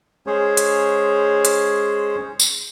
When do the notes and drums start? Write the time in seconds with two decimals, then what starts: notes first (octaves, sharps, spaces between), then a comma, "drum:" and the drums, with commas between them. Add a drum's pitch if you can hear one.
0.27 G#3 C#4 G#4 C5 C#5
0.57 drum: hi-hat
1.45 drum: hi-hat
2.40 drum: tambourine